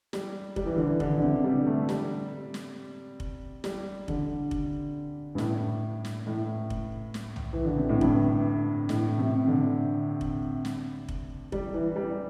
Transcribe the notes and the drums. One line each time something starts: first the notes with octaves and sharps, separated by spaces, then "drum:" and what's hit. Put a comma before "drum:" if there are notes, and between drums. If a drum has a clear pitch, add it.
G3, drum: snare
G3, drum: kick F1
E3
D3
E3
D3, drum: kick F1
D3
C3
G3
A3
G3, drum: snare
drum: snare
drum: kick F1
G3, drum: snare
D3, drum: kick F1
drum: kick F1
G2
A2, drum: snare
drum: snare
A2
drum: kick F1
drum: snare
drum: tom B1
E3
D3
C3
A2
G2, drum: kick F1
A2, drum: snare
C3
D3
drum: kick F1
drum: snare
drum: kick F1
G3, drum: kick F1
E3
G3